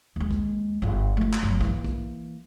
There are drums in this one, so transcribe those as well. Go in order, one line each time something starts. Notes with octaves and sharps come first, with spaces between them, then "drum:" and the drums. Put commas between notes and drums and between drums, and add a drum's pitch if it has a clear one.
D#2 G#3
drum: kick
G1 F4
A3 F4
drum: clap
G1 F#3
E3 A#3, drum: kick
drum: kick